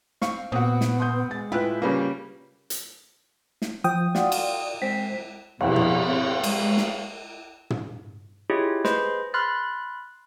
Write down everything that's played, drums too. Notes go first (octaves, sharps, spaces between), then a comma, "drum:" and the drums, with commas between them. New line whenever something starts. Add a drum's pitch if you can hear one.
C4 F5 C#6, drum: snare
A#2 B3 C4 F#4 D#6
drum: snare
C6 D#6 G6
G#3 A6
A2 E4 F4 B4 G5 F#6
C#3 G3 A#3 C#4 G4 B4
drum: hi-hat
drum: snare
F3 G5 D#6
F4 F#4 D5 F#5, drum: snare
drum: cymbal
G#3 C4 B6
F2 B2 E4, drum: cymbal
drum: tom
C4
G#3, drum: cymbal
drum: snare
drum: tom
E4 F4 G4 G#4 C#5 D#5
G#4 B4 C5 D#5 B5 C6, drum: snare
B5 C6 F6 F#6 A6